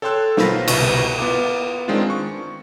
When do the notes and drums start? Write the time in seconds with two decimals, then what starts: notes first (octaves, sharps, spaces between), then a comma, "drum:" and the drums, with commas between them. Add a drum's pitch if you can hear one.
0.02 A4 C#5 G5 C6 E6 F#6
0.37 B2 D#3 F4 C5 B5 A#6, drum: snare
0.68 G1 C2 B2 E4 B4 C#6, drum: cymbal
1.18 B3 F4 D6
1.88 D#3 G#3 C4 D4 F4
2.10 C#6